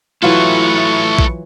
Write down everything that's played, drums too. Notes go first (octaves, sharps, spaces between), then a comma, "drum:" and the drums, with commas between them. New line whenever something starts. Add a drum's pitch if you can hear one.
E3 F#3 A3 E4 F4 A4 B4 C#6
drum: kick A#1